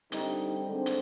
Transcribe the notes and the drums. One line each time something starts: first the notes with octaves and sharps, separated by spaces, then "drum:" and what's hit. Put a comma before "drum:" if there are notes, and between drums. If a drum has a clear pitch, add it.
D3 G3 C4 D#4, drum: hi-hat
D3 G#3 C4
drum: hi-hat